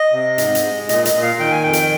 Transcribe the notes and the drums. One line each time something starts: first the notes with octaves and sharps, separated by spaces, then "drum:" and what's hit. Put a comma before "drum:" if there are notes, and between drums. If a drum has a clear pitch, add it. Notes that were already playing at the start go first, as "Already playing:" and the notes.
Already playing: D#5
C3
G#2, drum: hi-hat
drum: hi-hat
G#3
A#2 D#5, drum: hi-hat
D#5, drum: hi-hat
A#2
F5
D#3 G5
G#5
F2 G5
drum: hi-hat